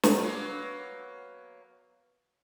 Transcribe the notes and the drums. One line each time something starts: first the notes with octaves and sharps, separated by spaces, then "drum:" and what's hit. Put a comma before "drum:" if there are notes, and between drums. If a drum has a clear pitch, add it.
drum: snare
F#3 A#3 B3